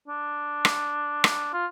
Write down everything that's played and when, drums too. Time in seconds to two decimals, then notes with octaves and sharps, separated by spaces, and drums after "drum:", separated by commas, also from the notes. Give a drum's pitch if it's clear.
0.08 D4
0.65 drum: rim click
1.24 drum: rim click
1.53 F4